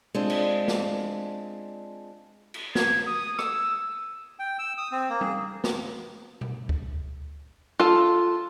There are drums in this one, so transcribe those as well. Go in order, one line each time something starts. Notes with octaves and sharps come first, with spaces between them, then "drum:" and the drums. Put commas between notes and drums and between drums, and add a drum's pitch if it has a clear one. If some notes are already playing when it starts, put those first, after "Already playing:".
G#3 C4 D4 F4
drum: cymbal
drum: snare
drum: cymbal
G#6, drum: snare
D#6
E6, drum: rim click
G5
E6
D#6
C4
A#3
G#4, drum: tom G3
drum: snare
drum: tom B2
drum: kick D2
F4 A4 A5